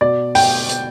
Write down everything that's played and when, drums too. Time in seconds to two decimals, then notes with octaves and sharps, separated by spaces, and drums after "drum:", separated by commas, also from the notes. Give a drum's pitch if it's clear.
0.01 B2 D5
0.35 G5, drum: open hi-hat
0.69 drum: hi-hat